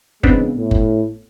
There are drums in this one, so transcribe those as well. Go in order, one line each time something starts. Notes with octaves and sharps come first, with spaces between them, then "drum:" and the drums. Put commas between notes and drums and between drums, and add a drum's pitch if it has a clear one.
C#3 E3 G#3 B3 C4 D4, drum: kick F#1
A2
drum: kick F#1